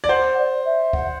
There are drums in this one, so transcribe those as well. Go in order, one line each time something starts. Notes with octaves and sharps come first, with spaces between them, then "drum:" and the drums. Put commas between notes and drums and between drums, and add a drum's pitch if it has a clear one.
D5
C5 F#5
D5
E5
F#5, drum: kick C#2